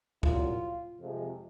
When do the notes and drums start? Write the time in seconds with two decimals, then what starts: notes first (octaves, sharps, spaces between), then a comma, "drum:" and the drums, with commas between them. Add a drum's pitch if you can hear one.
0.23 C2 A#2 F#3 F4, drum: kick
0.99 F2 C3 F3 G#3